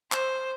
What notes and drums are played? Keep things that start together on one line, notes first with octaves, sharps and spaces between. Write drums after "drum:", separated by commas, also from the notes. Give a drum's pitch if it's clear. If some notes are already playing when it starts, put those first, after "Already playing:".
C5, drum: clap